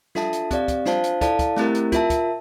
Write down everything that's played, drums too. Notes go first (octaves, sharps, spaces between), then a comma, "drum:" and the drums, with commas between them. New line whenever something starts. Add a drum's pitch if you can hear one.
D4 F4 A4 E5 A5, drum: snare
drum: hi-hat
C4 G4 D5 F5, drum: kick, hi-hat
drum: kick, hi-hat
D4 F4 C5 F5 A5, drum: snare
drum: hi-hat
E4 A4 D5 F5 A5, drum: kick, hi-hat
drum: kick, hi-hat
A3 C4 E4 G4 A#4, drum: snare
drum: hi-hat
F4 A#4 E5 A5, drum: kick, hi-hat
drum: kick, hi-hat